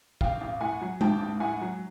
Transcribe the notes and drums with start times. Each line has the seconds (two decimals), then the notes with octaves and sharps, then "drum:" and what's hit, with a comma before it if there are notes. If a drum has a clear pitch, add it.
0.21 A1 F5 G5, drum: kick
0.41 A1
0.61 A2 F#5 G#5
0.81 F#3
1.01 A1 G5 A5, drum: tom G#3
1.21 A1
1.40 A2 F#5 G#5
1.61 F#3